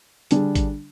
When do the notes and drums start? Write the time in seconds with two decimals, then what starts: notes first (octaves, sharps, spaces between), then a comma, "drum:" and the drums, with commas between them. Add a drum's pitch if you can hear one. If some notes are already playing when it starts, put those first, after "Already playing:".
0.31 D3 G3 D4 G#4, drum: hi-hat
0.55 drum: kick G#1, hi-hat